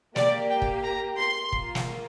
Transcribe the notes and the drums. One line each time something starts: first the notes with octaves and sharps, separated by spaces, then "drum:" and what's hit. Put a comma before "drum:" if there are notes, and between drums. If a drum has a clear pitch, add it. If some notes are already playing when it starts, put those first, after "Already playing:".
A#3 G4 D5, drum: snare
G5
drum: kick
A#5
C6
A#3 F4, drum: kick
drum: snare